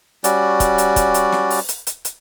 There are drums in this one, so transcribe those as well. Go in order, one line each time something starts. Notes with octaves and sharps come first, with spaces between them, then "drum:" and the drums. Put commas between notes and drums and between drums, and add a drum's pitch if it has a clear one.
G3 C#4 F#4 D5, drum: hi-hat
drum: kick, hi-hat
drum: hi-hat
drum: kick, hi-hat
drum: hi-hat
drum: snare
drum: open hi-hat
drum: hi-hat
drum: hi-hat
drum: hi-hat